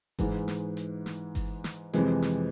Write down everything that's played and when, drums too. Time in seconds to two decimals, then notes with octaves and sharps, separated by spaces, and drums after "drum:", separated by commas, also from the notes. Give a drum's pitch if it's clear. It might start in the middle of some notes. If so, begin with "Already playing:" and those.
0.19 G#2 E3 G#3, drum: kick G1, open hi-hat
0.48 drum: snare
0.77 drum: hi-hat
1.06 drum: snare
1.35 drum: kick G1, open hi-hat
1.64 drum: snare
1.93 F2 C3 E3 G#3, drum: hi-hat
2.22 drum: snare